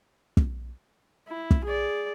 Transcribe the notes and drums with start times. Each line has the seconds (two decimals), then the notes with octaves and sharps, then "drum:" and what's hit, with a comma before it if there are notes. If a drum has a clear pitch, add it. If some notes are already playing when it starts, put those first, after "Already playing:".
0.37 drum: kick
1.28 E4
1.51 drum: kick
1.65 G#4 D5